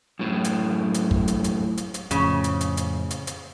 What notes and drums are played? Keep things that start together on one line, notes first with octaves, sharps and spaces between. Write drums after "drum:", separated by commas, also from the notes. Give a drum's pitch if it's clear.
F#2 A2
drum: hi-hat
drum: hi-hat
drum: kick
drum: hi-hat
drum: hi-hat
drum: hi-hat
drum: hi-hat
F2 A2 C#3, drum: hi-hat
drum: hi-hat
drum: hi-hat
drum: hi-hat
drum: hi-hat
drum: hi-hat